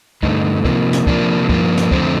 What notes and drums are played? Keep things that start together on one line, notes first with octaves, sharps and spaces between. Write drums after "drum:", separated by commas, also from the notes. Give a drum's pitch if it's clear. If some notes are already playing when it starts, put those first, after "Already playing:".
G2 D3 A3 D#4, drum: kick
C3 F3 A#3, drum: kick
drum: snare
C3 F3 A#3 D4, drum: kick
G2 F3 A#3, drum: kick
drum: snare
F2 D3 F3 A3 C4, drum: kick